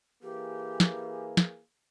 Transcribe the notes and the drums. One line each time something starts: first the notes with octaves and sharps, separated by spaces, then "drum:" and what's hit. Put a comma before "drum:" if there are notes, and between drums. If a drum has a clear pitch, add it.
E3 A#3 G4 G#4
drum: snare
drum: snare